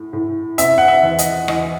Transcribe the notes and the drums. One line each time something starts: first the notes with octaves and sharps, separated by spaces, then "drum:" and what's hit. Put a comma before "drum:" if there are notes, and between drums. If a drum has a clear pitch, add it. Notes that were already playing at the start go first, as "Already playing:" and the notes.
Already playing: A2
A2
C3 E5, drum: hi-hat
F#5
E5
E2
D#5, drum: hi-hat
E2 D#5, drum: rim click